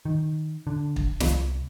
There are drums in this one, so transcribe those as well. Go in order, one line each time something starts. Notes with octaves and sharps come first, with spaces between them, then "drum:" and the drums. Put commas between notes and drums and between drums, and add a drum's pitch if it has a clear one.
D#3
D3
drum: kick
C2, drum: snare